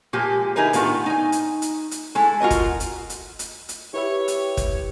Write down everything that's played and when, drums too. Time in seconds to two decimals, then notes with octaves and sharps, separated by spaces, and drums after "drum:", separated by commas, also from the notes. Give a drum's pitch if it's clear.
0.13 A#2 F3 G#3 A#3 G4
0.56 D3 D#4 E4 G#4 A#4 B4
0.73 A2 D#3 A3 B3 D4 F4, drum: hi-hat
1.06 D#4 G#5
1.32 drum: hi-hat
1.62 drum: hi-hat
1.91 drum: hi-hat
2.15 G#3 E4 A4
2.40 F4 F#4 A#4 D#5
2.50 drum: kick, hi-hat
2.80 drum: hi-hat
3.10 drum: hi-hat
3.39 drum: hi-hat
3.69 drum: hi-hat
3.94 E4 G4 B4 C#5 E5
4.28 drum: hi-hat
4.57 drum: kick, hi-hat